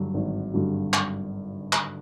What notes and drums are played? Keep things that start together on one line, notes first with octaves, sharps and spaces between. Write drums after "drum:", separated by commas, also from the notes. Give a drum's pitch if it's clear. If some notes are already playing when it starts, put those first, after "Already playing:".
Already playing: G2 D3 F#3
G#1
G2 D3 F#3
drum: clap
drum: clap